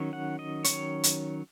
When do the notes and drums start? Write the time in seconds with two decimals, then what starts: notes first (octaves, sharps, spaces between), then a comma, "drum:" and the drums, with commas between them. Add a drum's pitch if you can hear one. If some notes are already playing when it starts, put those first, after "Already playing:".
Already playing: D#3 F#3 C#4
0.13 F#5
0.39 D#5
0.64 D#3 F#3 C#4 C#5, drum: hi-hat
1.04 drum: hi-hat